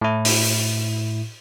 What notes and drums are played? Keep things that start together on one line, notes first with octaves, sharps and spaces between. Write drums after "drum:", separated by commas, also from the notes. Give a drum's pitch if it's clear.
A2 E4
drum: open hi-hat